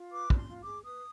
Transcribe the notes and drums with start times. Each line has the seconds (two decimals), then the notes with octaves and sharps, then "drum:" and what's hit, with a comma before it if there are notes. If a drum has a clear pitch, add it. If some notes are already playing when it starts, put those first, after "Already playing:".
Already playing: F4
0.12 B4 D6
0.30 D4, drum: kick
0.37 C6
0.48 F4
0.61 D6
0.67 G#4
0.85 B4 D#6